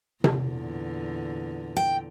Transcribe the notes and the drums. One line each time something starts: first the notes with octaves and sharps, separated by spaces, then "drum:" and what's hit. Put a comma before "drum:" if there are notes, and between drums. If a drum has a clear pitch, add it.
E2 A#2 D3, drum: tom C3
G5